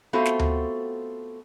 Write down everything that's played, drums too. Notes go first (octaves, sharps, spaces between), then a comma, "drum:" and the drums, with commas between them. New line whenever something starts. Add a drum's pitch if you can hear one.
A3 B3 C4 F4 F#4 A4
drum: snare
drum: tom D2